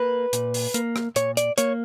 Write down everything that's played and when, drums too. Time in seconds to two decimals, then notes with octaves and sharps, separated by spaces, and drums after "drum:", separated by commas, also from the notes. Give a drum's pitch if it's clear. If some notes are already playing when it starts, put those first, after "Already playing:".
Already playing: A#3 B4
0.33 A#2, drum: hi-hat
0.54 drum: open hi-hat
0.74 A#3, drum: hi-hat
0.96 drum: rim click
1.16 A#2 C#5, drum: hi-hat
1.37 D5, drum: hi-hat
1.58 A#3 C#5, drum: hi-hat